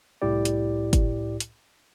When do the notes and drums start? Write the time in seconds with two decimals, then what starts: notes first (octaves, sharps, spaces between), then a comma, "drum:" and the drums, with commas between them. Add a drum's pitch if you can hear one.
0.22 C2 A2 E4 G4 D5
0.45 drum: hi-hat
0.93 drum: kick, hi-hat
1.40 drum: hi-hat